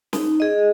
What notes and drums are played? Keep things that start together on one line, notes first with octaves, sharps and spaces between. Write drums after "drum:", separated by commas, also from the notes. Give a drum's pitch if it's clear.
D#4, drum: snare
G#4 D#5